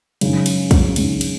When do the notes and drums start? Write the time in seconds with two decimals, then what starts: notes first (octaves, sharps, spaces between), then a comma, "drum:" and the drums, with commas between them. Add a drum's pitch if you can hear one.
0.21 F#2 C#3 G#3 D#4, drum: cymbal
0.46 drum: cymbal
0.71 drum: kick, cymbal
0.96 F#2 C#3 G#3 D#4, drum: cymbal
1.21 drum: cymbal